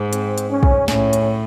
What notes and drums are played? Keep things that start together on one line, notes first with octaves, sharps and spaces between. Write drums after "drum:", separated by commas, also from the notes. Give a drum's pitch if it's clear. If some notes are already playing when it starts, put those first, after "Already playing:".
Already playing: G#2
C4, drum: hi-hat
drum: hi-hat
C#4
drum: kick
A2 C#4, drum: snare
drum: hi-hat